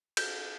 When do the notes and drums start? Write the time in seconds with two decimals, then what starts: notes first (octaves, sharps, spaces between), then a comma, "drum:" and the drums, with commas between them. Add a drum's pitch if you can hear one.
0.17 G6, drum: cymbal